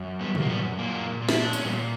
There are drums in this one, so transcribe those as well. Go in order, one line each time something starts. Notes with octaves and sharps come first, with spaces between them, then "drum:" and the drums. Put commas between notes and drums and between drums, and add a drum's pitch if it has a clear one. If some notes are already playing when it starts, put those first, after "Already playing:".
Already playing: F#2
G3 B3
F#2, drum: tom
A#3
G3 B3
A#2 A#3
A#2
E4, drum: snare
D4
C#4, drum: tambourine
A#2 G3 B3